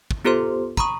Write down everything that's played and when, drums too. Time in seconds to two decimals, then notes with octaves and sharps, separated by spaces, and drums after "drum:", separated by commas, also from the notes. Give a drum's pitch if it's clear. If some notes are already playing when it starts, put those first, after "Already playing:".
0.11 drum: kick
0.25 B3 F4 G4 A4 C5 C6
0.77 A#5 B5 C#6 D#6, drum: kick